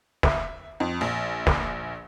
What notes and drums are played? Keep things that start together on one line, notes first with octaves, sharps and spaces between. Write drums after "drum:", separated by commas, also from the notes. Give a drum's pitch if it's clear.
E5, drum: snare
F2
A#1
drum: snare